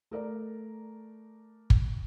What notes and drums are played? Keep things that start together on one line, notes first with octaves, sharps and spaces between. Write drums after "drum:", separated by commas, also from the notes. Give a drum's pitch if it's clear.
A3 A#4 D5 A#5
drum: kick